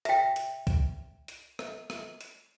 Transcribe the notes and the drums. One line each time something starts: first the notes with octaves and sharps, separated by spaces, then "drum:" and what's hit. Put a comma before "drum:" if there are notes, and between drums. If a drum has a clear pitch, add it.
E5 G5, drum: hi-hat
drum: hi-hat
drum: kick B1, hi-hat
drum: hi-hat
drum: rim click
drum: rim click
drum: hi-hat